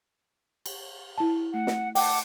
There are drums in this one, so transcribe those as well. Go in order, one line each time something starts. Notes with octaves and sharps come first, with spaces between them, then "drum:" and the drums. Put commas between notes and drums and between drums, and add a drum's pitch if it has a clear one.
drum: cymbal
E4 A5
A3 F#5
drum: snare
F#5 G5 A5 D6, drum: open hi-hat